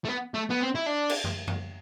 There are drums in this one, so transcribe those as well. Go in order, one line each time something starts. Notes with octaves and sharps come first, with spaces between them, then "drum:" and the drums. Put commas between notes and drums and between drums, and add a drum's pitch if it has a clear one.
A3
B3
A3
B3
C4
E4
D4
drum: cymbal
drum: tom F#2
drum: tom F#2